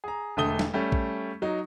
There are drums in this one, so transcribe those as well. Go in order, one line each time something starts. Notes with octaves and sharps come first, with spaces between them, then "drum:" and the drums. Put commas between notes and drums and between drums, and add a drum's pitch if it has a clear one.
G#4 A#5
E1 D3 A3 D#6 G7
drum: snare
G3 A3 C#4
drum: kick A#1
F#3 D#4